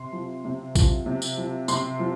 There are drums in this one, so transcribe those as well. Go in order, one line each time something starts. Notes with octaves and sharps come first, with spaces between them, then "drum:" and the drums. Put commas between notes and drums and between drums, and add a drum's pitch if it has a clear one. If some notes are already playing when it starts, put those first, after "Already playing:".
Already playing: C3 C6
F3
C3
F3, drum: kick, tambourine
C3
drum: tambourine
F3
C3 C6, drum: tambourine
F3